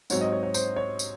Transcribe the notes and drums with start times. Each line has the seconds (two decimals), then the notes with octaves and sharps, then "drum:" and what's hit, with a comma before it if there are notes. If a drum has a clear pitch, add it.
0.10 G#2 F#3 C4 C#5, drum: tambourine
0.21 D#5
0.32 C#5
0.43 C#5
0.54 C5, drum: tambourine
0.76 C#5
0.99 drum: tambourine